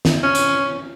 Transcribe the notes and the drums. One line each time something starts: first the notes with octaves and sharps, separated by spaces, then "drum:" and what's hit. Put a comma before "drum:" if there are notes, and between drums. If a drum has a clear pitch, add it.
drum: snare
C#4
drum: hi-hat